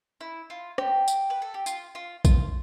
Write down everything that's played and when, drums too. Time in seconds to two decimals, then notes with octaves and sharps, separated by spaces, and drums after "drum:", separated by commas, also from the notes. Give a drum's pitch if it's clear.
0.21 E4
0.50 F4
0.78 G4, drum: rim click
1.08 drum: tambourine
1.30 B4
1.42 A4
1.54 G4
1.66 F4, drum: tambourine
1.95 F4
2.25 F4, drum: kick A#1, tambourine